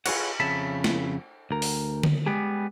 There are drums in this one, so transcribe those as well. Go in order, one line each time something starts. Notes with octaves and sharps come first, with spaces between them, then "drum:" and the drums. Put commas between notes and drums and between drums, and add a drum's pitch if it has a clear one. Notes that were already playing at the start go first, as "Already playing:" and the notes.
F4 G#4 B4 C#5 F#5, drum: cymbal
F2 C#3 E5 A5 B5
drum: snare
D2 A#4
drum: open hi-hat
drum: tom D3
G3 G#3 B3 G4 G#4